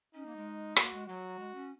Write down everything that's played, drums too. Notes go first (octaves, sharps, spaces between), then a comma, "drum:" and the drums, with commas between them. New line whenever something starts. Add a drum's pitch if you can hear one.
C#4 D#4
A#3
G#3
A#3 F#4, drum: rim click
G#3
F#3 F#4
G#3
C#4